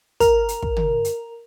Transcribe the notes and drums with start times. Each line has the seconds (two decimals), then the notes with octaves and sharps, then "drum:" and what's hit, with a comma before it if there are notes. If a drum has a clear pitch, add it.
0.20 A#4, drum: kick, hi-hat
0.48 drum: hi-hat
0.62 drum: kick
0.77 drum: tom
1.05 drum: hi-hat